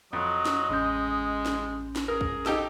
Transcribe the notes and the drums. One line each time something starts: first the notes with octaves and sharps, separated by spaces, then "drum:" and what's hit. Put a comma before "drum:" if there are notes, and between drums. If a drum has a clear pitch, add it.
F2 F#3 D#5
drum: snare
A1 G#3 C#4 G6
drum: snare
drum: snare
G#4 A#4
drum: kick
D#4 G4 A4 E6, drum: snare